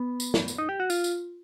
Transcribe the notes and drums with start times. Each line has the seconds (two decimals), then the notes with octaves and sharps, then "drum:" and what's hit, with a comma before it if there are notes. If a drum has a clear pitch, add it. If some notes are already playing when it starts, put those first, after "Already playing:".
Already playing: B3
0.20 drum: tambourine
0.34 drum: snare
0.48 drum: tambourine
0.58 D#4
0.69 G4
0.80 F#4
0.90 F4, drum: tambourine
1.04 drum: tambourine